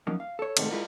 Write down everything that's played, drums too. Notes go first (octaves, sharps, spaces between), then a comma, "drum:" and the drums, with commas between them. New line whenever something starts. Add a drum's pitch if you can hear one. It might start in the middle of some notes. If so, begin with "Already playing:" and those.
F3 F#3 A#3 C#4 D#4
F5
A4 C#5
A2 C3 D#3 F3 G#3 A3, drum: cymbal
G#3 E4 F4 A#4